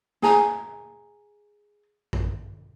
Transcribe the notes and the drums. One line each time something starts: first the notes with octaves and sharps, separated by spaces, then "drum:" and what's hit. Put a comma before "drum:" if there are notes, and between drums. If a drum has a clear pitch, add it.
G#4 G#5 A#5, drum: snare
drum: kick A1